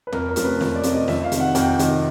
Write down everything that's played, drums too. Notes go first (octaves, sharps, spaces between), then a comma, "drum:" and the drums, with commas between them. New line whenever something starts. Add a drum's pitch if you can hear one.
B4
F2 A#4, drum: tom E2
A#4
C3 F3 A3 C#4, drum: hi-hat
B4
F2, drum: snare
D5
C3 F3 A3 C#4, drum: hi-hat
D#5
F2 E5, drum: snare
F5
C3 D#3, drum: hi-hat
F#5
F2 G5, drum: hi-hat
C3 D#3, drum: hi-hat